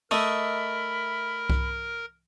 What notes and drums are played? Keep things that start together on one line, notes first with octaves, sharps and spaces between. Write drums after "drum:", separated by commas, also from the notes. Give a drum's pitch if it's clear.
A3 A#4 D#5 E5 B5
drum: kick C2